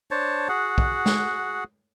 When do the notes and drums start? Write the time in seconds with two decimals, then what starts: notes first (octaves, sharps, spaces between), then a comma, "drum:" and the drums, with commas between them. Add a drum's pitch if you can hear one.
0.11 D4 C5 C#5 A5
0.49 F#4 G#4 F#5
0.78 drum: kick B1
1.06 drum: snare